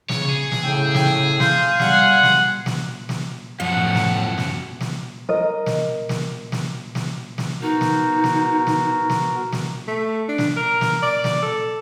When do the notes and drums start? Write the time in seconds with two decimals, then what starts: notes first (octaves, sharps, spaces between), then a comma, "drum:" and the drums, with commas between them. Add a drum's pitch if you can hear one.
0.09 C#3 C#5, drum: snare
0.29 G#4
0.51 drum: snare
0.63 A2 C#3 G5 E6
0.94 drum: snare
1.40 F5 C6 G6, drum: snare
1.80 G3 F#5, drum: snare
2.23 drum: snare
2.66 drum: snare
3.09 drum: snare
3.60 F#2 B2 F3 F#5
3.76 A2
3.95 drum: snare
4.38 drum: snare
4.81 drum: snare
5.29 A#4 D#5
5.66 drum: snare
6.09 drum: snare
6.52 drum: snare
6.95 drum: snare
7.38 drum: snare
7.62 B3 D#4 F#4 A#4
7.81 drum: snare
8.24 drum: snare
8.67 drum: snare
9.10 drum: snare
9.52 drum: snare
9.88 A3
10.29 D4
10.38 drum: snare
10.57 A#4
10.81 drum: snare
11.03 D5
11.24 drum: snare
11.42 A4